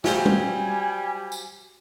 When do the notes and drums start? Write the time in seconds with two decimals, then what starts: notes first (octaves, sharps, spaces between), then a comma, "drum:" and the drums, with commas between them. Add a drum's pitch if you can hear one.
0.04 F#3 G3 F4 C5 G#5, drum: snare
0.26 drum: tom G3
1.32 drum: tambourine